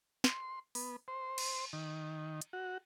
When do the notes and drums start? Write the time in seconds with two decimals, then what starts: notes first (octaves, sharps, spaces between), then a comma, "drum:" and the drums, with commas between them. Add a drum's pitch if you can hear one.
0.24 C6, drum: snare
0.75 B3, drum: open hi-hat
1.08 C5
1.38 drum: cymbal
1.73 D#3
2.42 drum: hi-hat
2.53 F#4